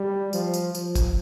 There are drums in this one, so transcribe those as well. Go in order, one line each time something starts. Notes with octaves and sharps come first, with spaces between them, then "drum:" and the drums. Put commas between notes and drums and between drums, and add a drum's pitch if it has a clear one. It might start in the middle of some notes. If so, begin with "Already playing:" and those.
Already playing: G3
F3, drum: tambourine
drum: tambourine
F3, drum: tambourine
drum: kick F#1, tambourine